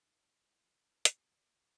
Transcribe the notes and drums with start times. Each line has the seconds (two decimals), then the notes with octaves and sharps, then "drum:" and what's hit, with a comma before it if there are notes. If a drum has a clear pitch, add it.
0.02 D#3
0.47 E3
0.63 F3
0.78 E3
0.93 E3
1.05 D3, drum: hi-hat
1.17 C3
1.28 A#2
1.40 A#2
1.55 A2